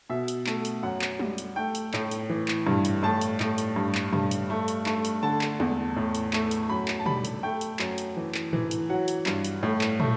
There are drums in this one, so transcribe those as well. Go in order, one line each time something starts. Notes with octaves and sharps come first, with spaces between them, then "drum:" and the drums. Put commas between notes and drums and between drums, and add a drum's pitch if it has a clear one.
B2 E5
drum: hi-hat
A3, drum: clap
drum: hi-hat
F#2 F#5
drum: clap
G3, drum: tom
drum: hi-hat
A3 G5
drum: hi-hat
A2, drum: clap
drum: hi-hat
E3
drum: clap
G2, drum: tom
drum: hi-hat
A2 A5
drum: hi-hat
A2, drum: clap
drum: hi-hat
G2
drum: clap
G2, drum: tom
drum: hi-hat
A3
drum: hi-hat
A3, drum: clap
drum: hi-hat
D3 A5
drum: clap
E2, drum: tom
A2
drum: hi-hat
A3, drum: clap
drum: hi-hat
F#2 B5
drum: clap
A5
G3 B5, drum: tom
drum: hi-hat
A3 G5
drum: hi-hat
F#2, drum: clap
drum: hi-hat
E3
drum: clap
E3, drum: tom
drum: hi-hat
F#3 F#5
drum: hi-hat
G2, drum: clap
drum: hi-hat
A2
drum: clap
A3, drum: tom